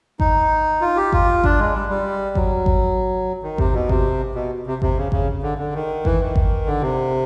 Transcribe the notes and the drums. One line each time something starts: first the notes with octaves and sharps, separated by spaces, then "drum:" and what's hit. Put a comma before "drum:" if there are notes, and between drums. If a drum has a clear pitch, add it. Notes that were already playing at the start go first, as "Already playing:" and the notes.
D#4, drum: kick G#1
F4
G4
F4, drum: kick G#1
D4, drum: kick G#1
G#3
G3
G3
F#3, drum: kick G#1
drum: kick G#1
D#3
C3, drum: kick G#1
B2
C3, drum: kick G#1
B2
C3
C3, drum: kick G#1
C#3
C#3, drum: kick G#1
D3
D3
D#3
E3, drum: kick G#1
D#3
drum: kick G#1
D3
C3